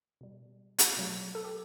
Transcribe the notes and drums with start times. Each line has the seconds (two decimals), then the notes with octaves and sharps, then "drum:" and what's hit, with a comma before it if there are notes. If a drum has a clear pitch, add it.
0.21 B2 G3
0.79 drum: hi-hat
0.97 B2 F#3 A3
1.35 A4
1.45 G4